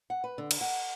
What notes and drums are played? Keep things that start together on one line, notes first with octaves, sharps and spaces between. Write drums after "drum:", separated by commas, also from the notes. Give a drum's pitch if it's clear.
F#5
B4
D3
drum: cymbal
F#5